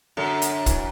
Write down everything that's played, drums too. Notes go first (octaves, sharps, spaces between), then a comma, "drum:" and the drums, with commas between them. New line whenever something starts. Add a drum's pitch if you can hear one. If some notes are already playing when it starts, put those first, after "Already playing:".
F#2 D3
drum: hi-hat
E3, drum: kick, hi-hat